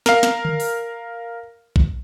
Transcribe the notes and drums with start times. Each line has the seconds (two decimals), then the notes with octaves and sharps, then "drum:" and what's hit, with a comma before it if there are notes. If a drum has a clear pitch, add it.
0.06 A#4 F5, drum: snare
0.23 drum: snare
0.45 drum: tom
0.60 drum: open hi-hat
1.76 drum: kick A#1